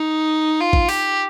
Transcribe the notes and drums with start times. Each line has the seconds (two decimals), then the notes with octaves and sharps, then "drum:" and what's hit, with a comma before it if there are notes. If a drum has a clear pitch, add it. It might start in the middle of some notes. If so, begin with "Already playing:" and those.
Already playing: D#4
0.61 F4
0.73 drum: kick A1
0.89 G4, drum: open hi-hat